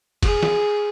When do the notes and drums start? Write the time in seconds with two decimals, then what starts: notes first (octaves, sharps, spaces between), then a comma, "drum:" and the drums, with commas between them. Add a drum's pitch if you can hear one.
0.23 G#4, drum: kick, cymbal
0.43 drum: snare